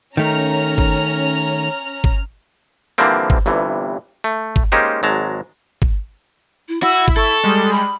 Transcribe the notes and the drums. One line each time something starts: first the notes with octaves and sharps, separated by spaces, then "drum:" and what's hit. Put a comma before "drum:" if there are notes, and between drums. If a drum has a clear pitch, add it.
D#3 A3 C#4 A#5 F6
drum: kick G1
drum: kick G1
D3 E3 F3 G3 A#3 C4
drum: kick G1
G1 G2 C3 E3
A3
drum: kick G1
G#3 A#3 C#4 D#4 G4 C5
G#1 F#3 G#3 A5 A#5
drum: kick G1
E4
E4 F#4 E6
drum: kick G1
A4 C#6
G3 G#3
B5